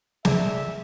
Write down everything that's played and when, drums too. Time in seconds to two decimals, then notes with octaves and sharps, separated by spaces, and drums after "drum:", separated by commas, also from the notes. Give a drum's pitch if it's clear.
0.25 G#4 D5 E5, drum: snare